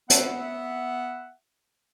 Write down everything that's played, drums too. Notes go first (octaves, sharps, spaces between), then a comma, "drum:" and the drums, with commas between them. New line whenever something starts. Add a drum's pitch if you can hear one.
B3 E5 F#5, drum: hi-hat